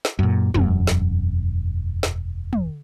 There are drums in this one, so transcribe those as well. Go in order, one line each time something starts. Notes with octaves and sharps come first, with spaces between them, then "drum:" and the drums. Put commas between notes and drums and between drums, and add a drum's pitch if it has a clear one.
drum: snare
F#2 A#2
E1 F#2, drum: tom
drum: snare
drum: snare
drum: tom